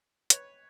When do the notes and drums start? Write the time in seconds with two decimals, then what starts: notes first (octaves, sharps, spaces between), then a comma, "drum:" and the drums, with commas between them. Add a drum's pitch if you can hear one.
0.30 B4 C#5, drum: hi-hat